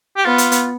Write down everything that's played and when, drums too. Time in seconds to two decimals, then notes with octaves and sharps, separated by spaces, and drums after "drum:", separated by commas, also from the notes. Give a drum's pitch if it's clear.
0.16 G4
0.25 B3 F4
0.38 drum: hi-hat
0.52 drum: hi-hat